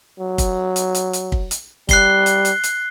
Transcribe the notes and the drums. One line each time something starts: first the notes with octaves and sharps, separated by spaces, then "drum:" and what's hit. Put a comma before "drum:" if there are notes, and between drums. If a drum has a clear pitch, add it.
F#3
drum: kick, hi-hat
drum: hi-hat
drum: hi-hat
drum: hi-hat
drum: kick
drum: hi-hat
G3 F#6 C7 G7, drum: kick, hi-hat
drum: hi-hat
drum: hi-hat
drum: hi-hat